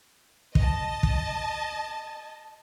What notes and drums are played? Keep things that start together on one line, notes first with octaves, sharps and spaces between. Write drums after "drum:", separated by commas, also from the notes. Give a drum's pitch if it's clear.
D#5 A5, drum: kick
drum: kick